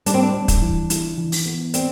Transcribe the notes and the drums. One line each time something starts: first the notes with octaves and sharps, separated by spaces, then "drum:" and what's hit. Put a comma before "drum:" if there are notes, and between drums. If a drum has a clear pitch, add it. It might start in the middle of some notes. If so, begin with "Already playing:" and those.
G3 D4, drum: hi-hat
C4
D4
G3
drum: kick, hi-hat
E3
E4, drum: hi-hat
E3
drum: open hi-hat
B3
C4 D5, drum: hi-hat